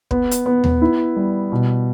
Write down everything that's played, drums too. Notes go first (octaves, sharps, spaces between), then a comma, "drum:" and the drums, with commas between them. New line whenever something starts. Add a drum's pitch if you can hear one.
B3, drum: kick
drum: hi-hat
B3
drum: tom D#2
E4
G3
B2